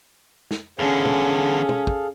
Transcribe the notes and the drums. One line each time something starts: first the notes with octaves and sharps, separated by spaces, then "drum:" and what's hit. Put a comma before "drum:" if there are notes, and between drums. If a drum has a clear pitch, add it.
drum: snare
E2 D3 C#4 G#4 A4 F5
drum: tom
drum: tom
drum: kick